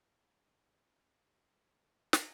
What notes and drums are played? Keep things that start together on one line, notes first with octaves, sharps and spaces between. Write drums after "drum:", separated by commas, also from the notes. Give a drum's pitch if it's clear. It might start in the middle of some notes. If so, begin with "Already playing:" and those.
Already playing: F#3 B3
A#3
D#4
A#4
F3 A#4
A#3
D#3
A#3
D#3
C#3 G#3
drum: snare